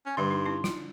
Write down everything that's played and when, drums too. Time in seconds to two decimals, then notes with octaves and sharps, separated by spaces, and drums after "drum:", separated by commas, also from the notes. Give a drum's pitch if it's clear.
0.06 C#4
0.17 G2 D3 G3 C6
0.31 D#4
0.46 C#4 E4
0.64 F4, drum: snare